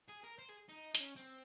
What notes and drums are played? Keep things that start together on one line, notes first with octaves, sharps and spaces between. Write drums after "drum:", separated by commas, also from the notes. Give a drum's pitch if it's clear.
G#4
A#4
C5
G#4
D#4
D#4, drum: hi-hat
C#4
C4